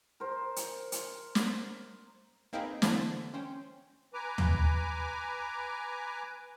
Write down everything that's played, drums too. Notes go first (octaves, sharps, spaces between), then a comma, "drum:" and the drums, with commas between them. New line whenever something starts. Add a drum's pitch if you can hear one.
A#4 C5
drum: hi-hat
drum: hi-hat
drum: snare
A#3 C4 D#4 G#4 B4
D3 E3 A#3 C4 A4 C5, drum: snare
C#4 C5 G5
B4 G#5 A#5 D6
drum: tom